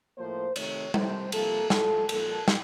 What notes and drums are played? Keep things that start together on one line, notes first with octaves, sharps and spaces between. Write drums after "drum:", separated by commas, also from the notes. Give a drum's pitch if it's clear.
A2 F3 A#3 C5
F2 C3 D#3 A3 C#5, drum: cymbal
C3 D#3 A3 C5, drum: tom G3
C3 F3 A#3 A4, drum: cymbal
A2 F3 A3 A4, drum: snare
A#2 F3 A#3 A4, drum: cymbal
drum: snare